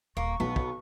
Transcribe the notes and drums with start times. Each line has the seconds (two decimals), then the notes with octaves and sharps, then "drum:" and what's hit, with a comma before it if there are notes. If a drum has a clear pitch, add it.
0.17 D#1 A#3 C#6
0.40 B1 B3 C4 D#4
0.56 drum: kick